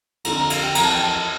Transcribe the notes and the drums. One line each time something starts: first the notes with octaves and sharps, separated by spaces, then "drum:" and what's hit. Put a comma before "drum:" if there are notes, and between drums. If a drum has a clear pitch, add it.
F2 D3 F3 A#5, drum: cymbal
A#5
F5, drum: cymbal
G5
F2 E3 A#5, drum: cymbal
A5
G5
A5